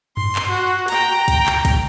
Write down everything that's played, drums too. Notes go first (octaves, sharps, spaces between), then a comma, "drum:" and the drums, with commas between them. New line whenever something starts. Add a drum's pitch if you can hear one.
C6, drum: tom F#2
drum: clap
F#4
G5 A#5, drum: cymbal
drum: kick, cymbal
drum: clap
drum: kick, cymbal